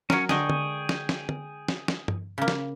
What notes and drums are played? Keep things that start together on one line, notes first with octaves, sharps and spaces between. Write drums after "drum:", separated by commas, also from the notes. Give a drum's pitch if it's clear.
F#3 C#4 A#4 C#5, drum: snare
D3 G#3 G#4 D#5 G5 C#6, drum: snare
drum: tom
drum: snare
drum: snare
drum: tom
drum: snare
drum: snare
drum: tom G2
C#3 A#3
drum: snare